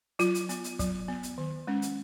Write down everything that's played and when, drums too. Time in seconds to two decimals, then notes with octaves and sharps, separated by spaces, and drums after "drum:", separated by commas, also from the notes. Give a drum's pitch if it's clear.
0.19 F#3 F4, drum: hi-hat
0.35 drum: hi-hat
0.49 B3, drum: hi-hat
0.64 drum: hi-hat
0.79 F#3, drum: kick, hi-hat
1.08 B3
1.23 drum: hi-hat
1.38 D#3
1.67 G#3 C#4
1.82 drum: hi-hat